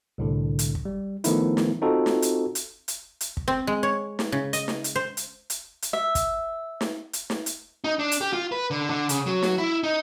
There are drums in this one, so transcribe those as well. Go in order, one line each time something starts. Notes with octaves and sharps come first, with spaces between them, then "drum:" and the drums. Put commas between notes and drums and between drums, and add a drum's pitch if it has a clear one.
C2 A2 D3
drum: hi-hat
drum: kick
G3
D#3 F3 A3 B3 D#4 E4, drum: hi-hat
drum: snare
C4 D#4 F4 F#4 A4
drum: snare
drum: hi-hat
drum: hi-hat
drum: hi-hat
drum: hi-hat
drum: kick
C4
G#3
C#5
drum: snare
C#3
D#5, drum: hi-hat
drum: snare
drum: hi-hat
C5
drum: hi-hat
drum: hi-hat
drum: hi-hat
E5
drum: kick, hi-hat
drum: snare
drum: hi-hat
drum: snare
drum: hi-hat
D#4
D4
drum: hi-hat
G4
F4
B4
D3
D3
C#3, drum: hi-hat
F#3
drum: snare
E4
D#4